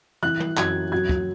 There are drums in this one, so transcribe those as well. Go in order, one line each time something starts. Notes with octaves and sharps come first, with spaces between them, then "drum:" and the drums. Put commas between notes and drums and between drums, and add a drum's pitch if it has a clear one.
E3 F#6
drum: tom
F#2 G#6, drum: clap
F#3 G#6
drum: kick